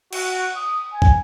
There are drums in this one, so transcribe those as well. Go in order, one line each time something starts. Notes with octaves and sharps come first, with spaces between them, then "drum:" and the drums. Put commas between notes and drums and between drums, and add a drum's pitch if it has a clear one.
F#4, drum: cymbal
D#6
G#5
drum: kick